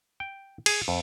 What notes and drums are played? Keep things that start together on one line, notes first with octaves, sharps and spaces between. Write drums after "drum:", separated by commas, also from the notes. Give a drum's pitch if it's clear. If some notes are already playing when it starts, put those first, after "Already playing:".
G5
G#4, drum: cymbal
F2